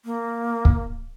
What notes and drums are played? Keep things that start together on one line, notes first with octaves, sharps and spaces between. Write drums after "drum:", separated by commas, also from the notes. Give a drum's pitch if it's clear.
A#3
drum: kick